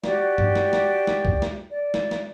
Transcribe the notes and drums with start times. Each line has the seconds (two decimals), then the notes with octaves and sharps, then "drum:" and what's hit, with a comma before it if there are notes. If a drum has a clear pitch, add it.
0.04 F#4 G4 D5, drum: snare
0.38 drum: tom G2
0.55 drum: snare
0.73 drum: snare
1.07 drum: snare
1.25 drum: kick C2
1.42 drum: snare
1.69 D5
1.94 drum: snare
2.11 drum: snare